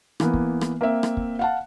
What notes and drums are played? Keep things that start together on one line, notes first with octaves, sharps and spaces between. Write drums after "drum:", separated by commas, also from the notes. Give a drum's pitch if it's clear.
E3 A#3 B3, drum: rim click
drum: kick
drum: rim click
A#3 C4 E5
drum: rim click
drum: kick
F5 F#5 A5